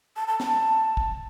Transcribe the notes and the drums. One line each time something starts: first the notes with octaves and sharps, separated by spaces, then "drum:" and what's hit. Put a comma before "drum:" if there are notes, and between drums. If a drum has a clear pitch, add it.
A5
A5
A5, drum: snare
drum: kick